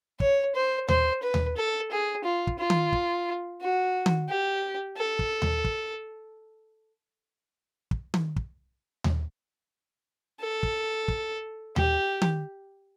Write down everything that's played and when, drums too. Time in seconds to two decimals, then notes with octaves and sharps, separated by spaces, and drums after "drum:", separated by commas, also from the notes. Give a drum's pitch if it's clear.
0.20 C#5, drum: kick
0.55 C5
0.89 C5, drum: tom D#2
1.23 B4
1.34 drum: tom D#2
1.57 A4
1.91 G#4
2.24 F4
2.47 drum: kick
2.59 F4
2.70 drum: tom D#3
2.93 drum: kick
3.61 F#4
4.06 drum: tom D#3
4.29 G4
4.97 A4
5.19 drum: kick
5.42 drum: tom D#2
5.64 drum: kick
7.91 drum: kick
8.14 drum: tom D#3
8.36 drum: kick
9.04 drum: tom D#2
10.41 A4
10.63 drum: kick
11.08 drum: kick
11.76 G4, drum: tom D#2
12.22 drum: tom D#3